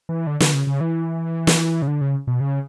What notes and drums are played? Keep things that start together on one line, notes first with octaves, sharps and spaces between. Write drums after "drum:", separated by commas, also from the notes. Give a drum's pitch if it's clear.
E3
D3
D3, drum: snare
C#3
C#3
E3
drum: snare
C#3
D3
C#3
B2
C#3